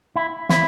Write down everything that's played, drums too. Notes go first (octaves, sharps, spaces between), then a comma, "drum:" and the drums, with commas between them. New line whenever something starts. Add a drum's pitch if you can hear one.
E4
E4, drum: snare